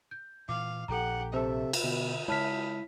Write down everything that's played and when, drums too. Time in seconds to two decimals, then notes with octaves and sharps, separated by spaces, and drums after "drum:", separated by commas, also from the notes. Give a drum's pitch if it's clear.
0.11 G6
0.49 A#2 E3 F5 D6
0.88 A#1 G4 A4 F#5 A#5
1.34 C3 A4 C5 E5
1.73 drum: cymbal
1.84 B2 D3
2.28 C#3 G#3 E4 C#5 A5 F6 B6